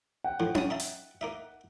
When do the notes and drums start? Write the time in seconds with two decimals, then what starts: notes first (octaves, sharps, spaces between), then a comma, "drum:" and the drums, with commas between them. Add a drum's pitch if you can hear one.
0.24 F#5 G5
0.40 A2 D3 F3
0.55 C#5 A5 D#6, drum: tom C#4
0.70 D#4 E5 A5
0.80 drum: hi-hat
1.21 A#3 D#4 E5